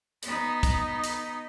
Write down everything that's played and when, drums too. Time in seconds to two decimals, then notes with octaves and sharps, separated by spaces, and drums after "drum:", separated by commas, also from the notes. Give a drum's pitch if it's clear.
0.23 B3 D#4, drum: hi-hat
0.63 drum: kick, hi-hat
1.04 drum: hi-hat